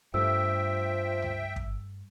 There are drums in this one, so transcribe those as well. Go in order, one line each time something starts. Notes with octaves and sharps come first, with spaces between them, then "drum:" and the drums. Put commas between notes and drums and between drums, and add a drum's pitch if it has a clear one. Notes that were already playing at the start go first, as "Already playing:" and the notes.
G2 F3 G3 A3 E5 G5 E6
drum: tom C#2
drum: kick